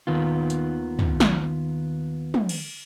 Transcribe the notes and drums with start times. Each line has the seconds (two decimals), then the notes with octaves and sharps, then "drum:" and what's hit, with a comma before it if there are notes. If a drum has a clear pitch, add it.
0.07 D#2 D#3 B3 F4
0.50 drum: hi-hat
0.99 drum: tom
1.20 drum: snare
2.34 drum: tom
2.49 drum: cymbal